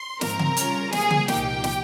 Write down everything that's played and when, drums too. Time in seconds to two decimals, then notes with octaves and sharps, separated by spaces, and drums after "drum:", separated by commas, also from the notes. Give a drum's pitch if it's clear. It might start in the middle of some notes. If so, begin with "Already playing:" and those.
Already playing: C6
0.21 G#2 F3 C4 A#4 A#5, drum: snare
0.39 drum: tom C#3
0.57 C#3 G3 C#4 F4, drum: hi-hat
0.92 C3 G3 A#3 G#4 G#5, drum: snare
1.10 drum: tom C#3
1.28 C2 A#2 F3 A#3 D#4 G4 G5, drum: snare
1.64 drum: snare